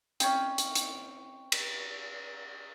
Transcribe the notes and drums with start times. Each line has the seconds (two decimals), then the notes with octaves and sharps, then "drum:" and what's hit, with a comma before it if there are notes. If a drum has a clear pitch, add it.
0.20 C4 C#4, drum: hi-hat
0.58 drum: hi-hat
0.75 drum: hi-hat
1.52 drum: cymbal